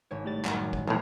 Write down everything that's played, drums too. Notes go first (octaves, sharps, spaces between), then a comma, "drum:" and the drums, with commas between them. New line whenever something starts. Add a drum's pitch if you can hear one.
G#1 C#5
A2 G3 A6
F#2 D#3, drum: clap
drum: kick
B1 A2 E3 F3